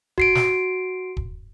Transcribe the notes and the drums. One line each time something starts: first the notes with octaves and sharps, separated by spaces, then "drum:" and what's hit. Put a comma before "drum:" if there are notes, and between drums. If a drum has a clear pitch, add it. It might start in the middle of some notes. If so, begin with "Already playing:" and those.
F#4 C7 D7, drum: kick
drum: snare
drum: kick